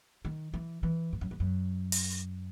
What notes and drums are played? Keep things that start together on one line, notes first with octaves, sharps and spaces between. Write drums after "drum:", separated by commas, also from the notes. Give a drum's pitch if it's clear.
D#3
E3
E3
G#2
F#2
E2
F#2
drum: open hi-hat